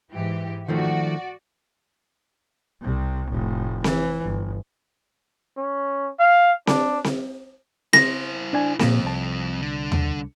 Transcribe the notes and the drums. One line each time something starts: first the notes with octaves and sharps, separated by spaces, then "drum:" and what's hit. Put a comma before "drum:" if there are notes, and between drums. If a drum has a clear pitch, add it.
G#2 E3 G4
D#3 F3 A3 F#4 D5
C2 C3
F1 A2
E3, drum: snare C4
G1
C#4
F5
D4, drum: snare C4
drum: snare C4
E4 C5 A#6, drum: snare C4
D4 D5 G#5
F2 A#2 A#3, drum: snare C4
C2 A5
D3
drum: tom D#2